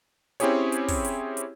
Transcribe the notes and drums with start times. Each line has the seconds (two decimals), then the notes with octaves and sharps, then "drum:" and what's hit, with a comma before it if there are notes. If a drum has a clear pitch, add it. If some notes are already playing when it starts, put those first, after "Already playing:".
0.40 C4 C#4 E4 G4 G#4 C#5, drum: hi-hat
0.72 drum: hi-hat
0.88 drum: kick, open hi-hat
1.05 drum: hi-hat
1.37 drum: hi-hat